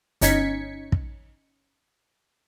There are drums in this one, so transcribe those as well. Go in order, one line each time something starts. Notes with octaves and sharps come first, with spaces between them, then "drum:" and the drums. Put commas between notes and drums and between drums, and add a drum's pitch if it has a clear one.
G1 C#4 D#4 G#6 B6 C#7, drum: hi-hat
drum: kick